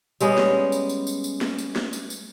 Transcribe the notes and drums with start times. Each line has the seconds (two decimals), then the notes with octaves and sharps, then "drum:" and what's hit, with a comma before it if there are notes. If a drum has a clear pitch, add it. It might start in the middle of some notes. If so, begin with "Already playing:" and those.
0.21 G3 G#3 B3 C#4, drum: tambourine
0.38 drum: snare
0.72 drum: tambourine
0.89 drum: tambourine
1.07 drum: tambourine
1.24 drum: tambourine
1.41 drum: snare
1.58 drum: tambourine
1.76 drum: snare
1.93 drum: tambourine
2.10 drum: tambourine